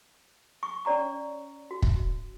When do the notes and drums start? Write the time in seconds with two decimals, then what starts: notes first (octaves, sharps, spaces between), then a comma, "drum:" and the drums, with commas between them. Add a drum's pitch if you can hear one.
0.63 C#6
0.85 C#4 C#5 D5 A#5 C#6
1.71 F#4
1.82 drum: kick